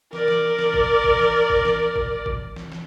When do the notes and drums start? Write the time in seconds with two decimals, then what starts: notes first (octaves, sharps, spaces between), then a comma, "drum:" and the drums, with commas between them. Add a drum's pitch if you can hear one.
0.13 A#4 D5, drum: snare
0.28 drum: snare
0.59 drum: snare
0.74 drum: kick G1
1.04 drum: kick G1
1.19 drum: snare
1.50 drum: kick G1
1.65 drum: snare
1.96 drum: kick G1
2.26 drum: kick G1
2.56 drum: snare
2.72 drum: snare